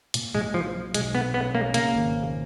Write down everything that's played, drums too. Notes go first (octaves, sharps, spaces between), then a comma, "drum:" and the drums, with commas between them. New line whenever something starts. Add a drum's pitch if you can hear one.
A#2, drum: hi-hat
A#1 G#3
F3 F#3
F#3
B1 G#3, drum: hi-hat
B2 B3
B3 C#4
A#3 C#4
C#3 A#3, drum: hi-hat
G#1
C#3